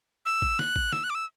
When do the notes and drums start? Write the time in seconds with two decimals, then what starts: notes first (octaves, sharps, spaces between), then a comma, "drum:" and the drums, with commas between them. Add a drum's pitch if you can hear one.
0.26 E6
0.42 drum: kick
0.59 F#6, drum: snare
0.76 drum: kick
0.92 E6, drum: snare
1.04 F#6
1.10 D6
1.15 E6